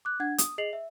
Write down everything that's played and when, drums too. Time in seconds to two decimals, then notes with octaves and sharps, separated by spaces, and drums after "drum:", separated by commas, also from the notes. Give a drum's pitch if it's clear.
0.05 D6 F#6
0.20 D4 F#5 G#6
0.38 D#6, drum: hi-hat
0.58 G#4 D#5 C7 F7 F#7
0.73 E5